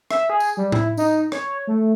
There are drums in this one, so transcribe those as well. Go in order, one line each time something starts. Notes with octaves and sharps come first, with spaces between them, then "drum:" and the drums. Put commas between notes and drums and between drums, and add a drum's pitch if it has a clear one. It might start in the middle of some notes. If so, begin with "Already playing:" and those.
E5, drum: rim click
G#4
drum: tambourine
G3
E4, drum: tom A2
D#4, drum: tambourine
C#5, drum: rim click
A3